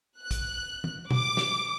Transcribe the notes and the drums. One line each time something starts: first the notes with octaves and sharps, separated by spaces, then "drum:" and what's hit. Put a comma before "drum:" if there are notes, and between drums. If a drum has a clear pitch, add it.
F#6
drum: kick, hi-hat
drum: tom E3
D6, drum: tom B2
drum: snare